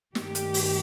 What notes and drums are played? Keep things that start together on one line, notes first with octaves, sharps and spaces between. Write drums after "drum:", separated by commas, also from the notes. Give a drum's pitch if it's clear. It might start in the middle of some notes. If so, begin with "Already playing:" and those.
G2 D#3 A3 G4, drum: snare
drum: hi-hat
drum: open hi-hat